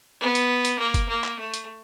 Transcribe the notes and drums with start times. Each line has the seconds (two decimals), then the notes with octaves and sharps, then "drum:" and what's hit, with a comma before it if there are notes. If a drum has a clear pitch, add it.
0.20 B3
0.35 drum: hi-hat
0.65 drum: hi-hat
0.79 A#3
0.94 drum: kick, hi-hat
1.09 A#3
1.24 drum: clap
1.39 A3
1.54 drum: hi-hat